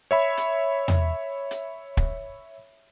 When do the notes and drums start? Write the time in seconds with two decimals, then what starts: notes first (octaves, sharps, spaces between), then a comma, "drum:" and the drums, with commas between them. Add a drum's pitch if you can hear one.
0.11 C#5 E5 B5
0.37 drum: hi-hat
0.88 drum: tom E2
1.51 drum: hi-hat
1.97 drum: kick